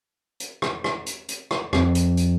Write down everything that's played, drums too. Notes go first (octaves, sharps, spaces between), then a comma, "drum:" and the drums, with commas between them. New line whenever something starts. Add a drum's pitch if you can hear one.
drum: hi-hat
drum: rim click
drum: rim click
drum: hi-hat
drum: hi-hat
drum: rim click
F2, drum: rim click
drum: hi-hat
drum: hi-hat